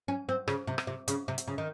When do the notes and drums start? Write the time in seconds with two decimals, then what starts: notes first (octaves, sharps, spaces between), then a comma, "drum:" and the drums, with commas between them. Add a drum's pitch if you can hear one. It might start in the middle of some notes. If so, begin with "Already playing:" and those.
0.08 C#4
0.29 C4
0.48 C#3, drum: rim click
0.67 C3
0.78 drum: rim click
0.87 C3
1.08 C#3, drum: hi-hat
1.28 C3
1.38 drum: hi-hat
1.48 C#3
1.58 D#3